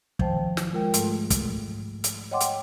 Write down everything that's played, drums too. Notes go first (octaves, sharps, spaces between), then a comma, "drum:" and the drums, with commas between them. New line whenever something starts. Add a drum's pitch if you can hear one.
D#3 F3 C5 G5 A5, drum: kick
drum: snare
G#3 F4 A#4 G5
G#2 A3 A4, drum: hi-hat
drum: kick, hi-hat
drum: hi-hat
C#5 D#5 F#5 G5 C6 D6
drum: hi-hat